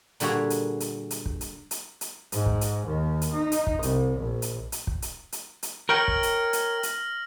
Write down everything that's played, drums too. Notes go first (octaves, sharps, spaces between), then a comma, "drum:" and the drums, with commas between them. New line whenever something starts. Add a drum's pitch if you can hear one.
A#2 D3 G3 F#4 G#4 A#5, drum: hi-hat
drum: hi-hat
drum: hi-hat
drum: hi-hat
drum: kick
drum: hi-hat
drum: hi-hat
drum: hi-hat
G#2, drum: hi-hat
drum: kick
drum: hi-hat
D#2
drum: hi-hat
D#4
drum: hi-hat
drum: kick
C2, drum: hi-hat
A#1
drum: hi-hat
drum: hi-hat
drum: kick
drum: hi-hat
drum: hi-hat
drum: hi-hat
A#4 C#5 G5 F6 A#6 F#7
drum: kick
drum: hi-hat
drum: hi-hat
drum: hi-hat